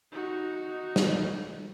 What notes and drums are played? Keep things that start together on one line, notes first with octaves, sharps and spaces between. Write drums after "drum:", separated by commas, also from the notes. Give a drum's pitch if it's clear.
D#4 F#4
drum: snare